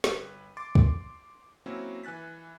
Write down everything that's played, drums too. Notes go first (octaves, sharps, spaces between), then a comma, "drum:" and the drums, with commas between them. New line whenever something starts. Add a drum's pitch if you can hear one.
G1 B4, drum: snare
C6 D6 A6
drum: kick
F#3 A#3 C4 C#4 E4 F#4
E3 G#5 F#6 A6 B6